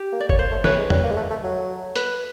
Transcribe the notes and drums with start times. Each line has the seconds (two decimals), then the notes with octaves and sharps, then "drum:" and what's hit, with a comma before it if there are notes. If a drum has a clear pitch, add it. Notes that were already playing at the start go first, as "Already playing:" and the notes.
Already playing: G4
0.13 A#3
0.20 D5
0.29 C#5, drum: kick G#1
0.39 A#3 C5
0.51 A3
0.64 A3 B4 C#5, drum: snare
0.77 G#3
0.90 G3, drum: tom
1.03 A#3
1.11 G#3
1.16 A3
1.30 A3
1.43 F#3
1.96 B4, drum: hi-hat